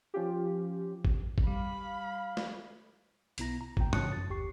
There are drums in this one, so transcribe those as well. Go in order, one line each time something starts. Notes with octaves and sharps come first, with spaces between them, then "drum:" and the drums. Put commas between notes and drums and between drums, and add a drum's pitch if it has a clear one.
F3 C#4 F4 G4
drum: kick
drum: kick
G3 F5 B5
drum: snare
B1 B2 B3 E4 A#5 A#6, drum: hi-hat
A#5
D#2 A#2 G5, drum: kick
C#3 C#5 A5 D#6 F#6 C#7, drum: tom
F#2 A6
G1 D#2 G4 C#6 C7